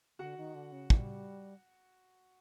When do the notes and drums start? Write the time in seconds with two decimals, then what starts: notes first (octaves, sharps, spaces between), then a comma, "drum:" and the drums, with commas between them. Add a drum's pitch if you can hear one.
0.19 D3 F#4 F#5
0.38 D#3
0.55 D3
0.72 C#3
0.90 G3, drum: kick